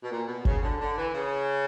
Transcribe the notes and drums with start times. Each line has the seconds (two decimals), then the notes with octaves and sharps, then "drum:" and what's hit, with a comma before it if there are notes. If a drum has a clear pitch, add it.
0.03 B2
0.10 A#2
0.27 B2
0.45 C#3, drum: kick G#1
0.62 D3
0.80 D3
0.97 E3
1.14 C#3